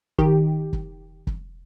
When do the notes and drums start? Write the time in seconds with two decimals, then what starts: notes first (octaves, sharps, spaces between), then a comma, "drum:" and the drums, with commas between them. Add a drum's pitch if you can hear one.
0.18 D#3 G4, drum: kick
0.73 drum: kick
1.27 drum: kick